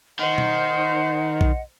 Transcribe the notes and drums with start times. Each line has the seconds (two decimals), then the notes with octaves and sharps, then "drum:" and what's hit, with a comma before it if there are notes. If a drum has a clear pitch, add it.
0.19 D#3 C5 D#5 F#5
0.38 drum: tom B2
1.41 drum: kick